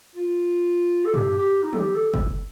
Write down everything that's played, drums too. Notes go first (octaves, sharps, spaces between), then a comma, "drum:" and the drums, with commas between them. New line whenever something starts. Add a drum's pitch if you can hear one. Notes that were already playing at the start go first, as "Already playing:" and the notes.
F4
A4
G4, drum: tom
G4
D#4
A4, drum: tom
G4
A4
drum: kick F#1